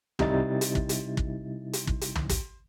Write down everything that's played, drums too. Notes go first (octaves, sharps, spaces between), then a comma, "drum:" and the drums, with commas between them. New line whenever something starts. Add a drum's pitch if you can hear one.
C3 G3 D#4 E4 A6, drum: tom
drum: hi-hat
drum: kick
drum: hi-hat
drum: kick
drum: hi-hat
drum: kick
drum: hi-hat
drum: tom
drum: kick, hi-hat